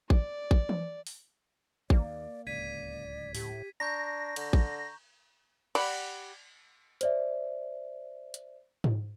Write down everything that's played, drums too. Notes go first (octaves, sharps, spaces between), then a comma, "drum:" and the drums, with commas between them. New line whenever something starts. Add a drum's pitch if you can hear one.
D5, drum: kick A1
drum: kick A1
drum: tom E3
drum: open hi-hat
D#2 A#3 D5, drum: kick A1
D1 C#2 D5 G#6 B6 D#7
A2 G4, drum: open hi-hat
D4 A#5 C#6 G6 A#6
D3, drum: cymbal
drum: kick A1
G4 D5 F#5 B5, drum: cymbal
C5 D5 E5, drum: hi-hat
drum: hi-hat
drum: tom G#2